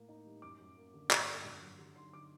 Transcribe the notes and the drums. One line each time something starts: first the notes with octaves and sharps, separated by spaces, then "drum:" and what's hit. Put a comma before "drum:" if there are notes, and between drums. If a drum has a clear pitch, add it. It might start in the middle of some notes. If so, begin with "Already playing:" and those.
Already playing: A2 A#3
D#4
G3
F#2 D6
F#3
A#3
D3
G2 C6, drum: clap
A#3
G2
F#3
D3
D#4 C6
D3 D6